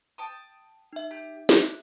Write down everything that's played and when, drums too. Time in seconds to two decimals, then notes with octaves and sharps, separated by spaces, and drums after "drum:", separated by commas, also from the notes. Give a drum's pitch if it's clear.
0.18 G5 A5 D#6
0.93 D#4 E5
1.11 G4
1.49 D6 F#6, drum: snare